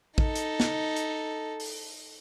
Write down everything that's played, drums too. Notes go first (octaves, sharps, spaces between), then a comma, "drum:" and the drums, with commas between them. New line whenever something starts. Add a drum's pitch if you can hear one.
D#4 A4, drum: kick
drum: hi-hat
drum: snare
drum: hi-hat
drum: open hi-hat